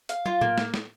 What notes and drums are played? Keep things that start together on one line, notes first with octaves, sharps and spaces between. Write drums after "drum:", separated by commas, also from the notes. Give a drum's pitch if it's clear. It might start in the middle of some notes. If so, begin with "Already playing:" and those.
F5, drum: hi-hat
F4, drum: tom
A#3, drum: tom A2
drum: snare
drum: snare